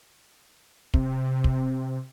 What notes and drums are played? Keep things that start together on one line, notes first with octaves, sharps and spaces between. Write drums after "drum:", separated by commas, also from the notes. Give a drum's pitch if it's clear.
C3, drum: kick
drum: kick